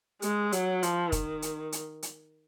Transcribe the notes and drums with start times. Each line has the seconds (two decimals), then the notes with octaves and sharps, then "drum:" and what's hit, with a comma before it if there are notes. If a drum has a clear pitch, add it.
0.22 G#3, drum: hi-hat
0.52 F#3, drum: hi-hat
0.83 F3, drum: hi-hat
1.12 D#3, drum: kick, hi-hat
1.42 drum: hi-hat
1.72 drum: hi-hat
2.03 drum: hi-hat